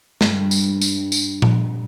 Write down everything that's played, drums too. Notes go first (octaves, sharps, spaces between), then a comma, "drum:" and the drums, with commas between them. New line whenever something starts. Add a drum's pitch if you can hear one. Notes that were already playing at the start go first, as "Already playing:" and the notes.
G2, drum: snare
drum: tambourine
drum: tambourine
drum: tambourine
drum: tom A#2